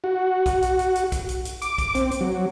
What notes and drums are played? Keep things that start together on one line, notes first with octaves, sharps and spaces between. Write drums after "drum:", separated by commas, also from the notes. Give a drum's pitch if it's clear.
F#4
drum: kick B1, hi-hat
drum: hi-hat
drum: hi-hat
drum: hi-hat
drum: kick B1, hi-hat
drum: hi-hat
drum: hi-hat
D6, drum: hi-hat
drum: kick B1, hi-hat
C4, drum: hi-hat
drum: hi-hat
F#3